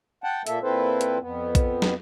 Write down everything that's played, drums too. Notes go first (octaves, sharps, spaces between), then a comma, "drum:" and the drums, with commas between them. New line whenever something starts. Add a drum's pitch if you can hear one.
F#5 G5 A5
A#2 A#3 A4 E5, drum: hi-hat
A#2 C4 E4 A4 B4 C5
drum: hi-hat
F2 B3
drum: kick A#1, hi-hat
drum: snare